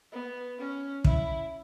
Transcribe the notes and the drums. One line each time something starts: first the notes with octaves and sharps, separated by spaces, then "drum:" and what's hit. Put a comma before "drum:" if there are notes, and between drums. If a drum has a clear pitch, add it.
B3
C#4
E4, drum: kick